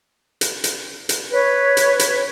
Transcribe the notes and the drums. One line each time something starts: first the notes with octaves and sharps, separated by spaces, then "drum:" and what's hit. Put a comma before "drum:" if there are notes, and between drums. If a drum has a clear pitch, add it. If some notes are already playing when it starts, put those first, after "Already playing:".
drum: hi-hat
drum: hi-hat
drum: hi-hat
B4 C#5
drum: hi-hat
drum: hi-hat